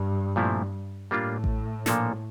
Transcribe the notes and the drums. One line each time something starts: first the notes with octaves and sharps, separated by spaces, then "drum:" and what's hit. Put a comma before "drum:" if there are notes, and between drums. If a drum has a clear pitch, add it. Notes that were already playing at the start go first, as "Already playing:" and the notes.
Already playing: G2
A#2 F3 A3 C4 E4
A2 G3 A#3 D4 F4
drum: kick A1
A#2 F3 A#3 D4 A4, drum: snare